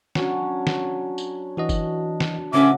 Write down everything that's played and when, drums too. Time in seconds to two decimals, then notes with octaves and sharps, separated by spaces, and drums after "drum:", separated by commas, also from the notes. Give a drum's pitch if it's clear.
0.15 F#3 C#4 D4, drum: snare
0.67 drum: snare
1.18 drum: tambourine
1.57 E3 D4 F#4 D#5
1.69 drum: kick F#1, tambourine
2.20 drum: snare
2.54 A2 C#3 F#3 C#4 E5 F#5 D6